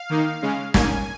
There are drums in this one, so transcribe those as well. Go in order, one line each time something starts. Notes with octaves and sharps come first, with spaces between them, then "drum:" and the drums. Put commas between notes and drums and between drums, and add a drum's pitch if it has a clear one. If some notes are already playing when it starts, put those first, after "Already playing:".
Already playing: F5
D#3 A#3 D#4
C#3 G#3 C#4
D#3 A#3 C#4 G#5, drum: snare